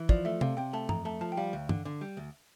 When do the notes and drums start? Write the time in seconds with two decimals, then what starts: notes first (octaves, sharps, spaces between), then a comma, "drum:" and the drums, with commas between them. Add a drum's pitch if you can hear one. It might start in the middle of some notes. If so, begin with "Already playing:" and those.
Already playing: E3
0.09 F3 D5, drum: kick
0.25 A3 E5
0.41 C3 F5, drum: tom
0.57 C3 G5
0.73 A3 A5
0.89 F2 A#5, drum: tom
1.05 A3 A5
1.21 F3 A5
1.32 G5
1.37 G3 F5
1.53 D2
1.69 D3, drum: tom
1.85 D3
2.01 G3
2.17 D2